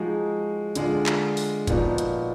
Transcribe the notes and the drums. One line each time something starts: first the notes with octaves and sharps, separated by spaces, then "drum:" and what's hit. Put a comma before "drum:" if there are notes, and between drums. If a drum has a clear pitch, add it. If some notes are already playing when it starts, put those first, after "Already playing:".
Already playing: F3 G#3 D#4 F#4
D3 G#3 D4 F4, drum: hi-hat
drum: clap
drum: open hi-hat
A#2 F3 B3 D#4 F#4, drum: kick, hi-hat
drum: hi-hat